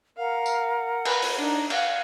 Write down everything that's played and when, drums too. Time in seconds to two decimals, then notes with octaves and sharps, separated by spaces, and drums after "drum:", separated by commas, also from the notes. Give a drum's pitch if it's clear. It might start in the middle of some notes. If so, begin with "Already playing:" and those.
0.17 A#4 F5 F#5
0.46 drum: tambourine
1.05 B4, drum: cymbal
1.22 drum: open hi-hat
1.38 D4 D#4
1.70 F5 F#5, drum: cymbal